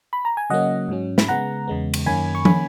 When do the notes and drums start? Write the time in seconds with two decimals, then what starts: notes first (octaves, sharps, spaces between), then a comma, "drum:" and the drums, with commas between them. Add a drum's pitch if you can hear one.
0.13 B5
0.25 A#5
0.37 G#5
0.50 C#3 F#3 A#3 C#4 D#5 F#5
0.89 G#2 F#3 C#4
1.18 B5, drum: snare
1.28 C#3 G#3 B3 F#5 A#5
1.68 E2 C#3 G#3 B3
1.94 drum: cymbal
2.06 F#2 D#3 A#3 C#4 G#5 B5
2.35 C#6
2.45 D#3 A#3 C#4 G#5 B5, drum: tom